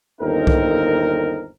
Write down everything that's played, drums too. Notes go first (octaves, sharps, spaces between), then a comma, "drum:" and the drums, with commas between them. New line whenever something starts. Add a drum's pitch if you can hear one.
G1 D#2 C4 D#4 A4 A#4
drum: kick C2